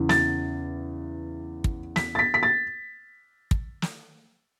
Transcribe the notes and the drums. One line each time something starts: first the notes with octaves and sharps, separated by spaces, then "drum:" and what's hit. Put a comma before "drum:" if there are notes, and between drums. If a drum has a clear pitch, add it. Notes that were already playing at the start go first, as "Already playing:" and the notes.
Already playing: E2 C#3 E3
A6, drum: snare
drum: kick
B6, drum: snare
A6
B6
B6
A6
drum: kick
drum: snare